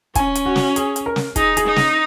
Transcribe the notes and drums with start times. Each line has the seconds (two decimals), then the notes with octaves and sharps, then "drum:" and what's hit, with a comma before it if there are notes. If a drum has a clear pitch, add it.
0.15 C#4 G#5, drum: kick, hi-hat
0.35 drum: hi-hat
0.46 F#4
0.56 drum: snare
0.76 G#4, drum: hi-hat
0.96 drum: hi-hat
1.06 A#4
1.16 drum: snare
1.36 D#4 G#4, drum: kick, hi-hat
1.57 G#4, drum: hi-hat
1.66 D#4
1.76 drum: snare